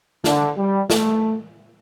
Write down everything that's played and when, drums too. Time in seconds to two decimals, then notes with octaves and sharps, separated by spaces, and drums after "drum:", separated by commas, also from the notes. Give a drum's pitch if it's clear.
0.24 D3, drum: snare
0.57 G3
0.90 A3, drum: snare